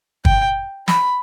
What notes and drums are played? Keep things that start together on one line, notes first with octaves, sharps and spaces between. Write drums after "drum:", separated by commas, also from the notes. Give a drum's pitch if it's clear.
G5, drum: kick
B5, drum: snare